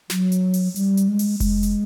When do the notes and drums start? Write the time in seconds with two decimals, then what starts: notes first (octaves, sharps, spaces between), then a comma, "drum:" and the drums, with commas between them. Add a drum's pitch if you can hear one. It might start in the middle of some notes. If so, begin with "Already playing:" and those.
0.10 F#3, drum: snare
0.32 drum: hi-hat
0.54 drum: open hi-hat
0.76 G3, drum: hi-hat
0.97 drum: hi-hat
1.08 G#3
1.19 drum: open hi-hat
1.40 G#3, drum: kick F1, open hi-hat
1.63 drum: hi-hat